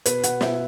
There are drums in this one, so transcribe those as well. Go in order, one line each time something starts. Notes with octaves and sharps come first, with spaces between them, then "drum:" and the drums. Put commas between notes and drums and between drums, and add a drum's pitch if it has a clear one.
B2 B4, drum: hi-hat
B2 F#5, drum: hi-hat
B2 E5, drum: snare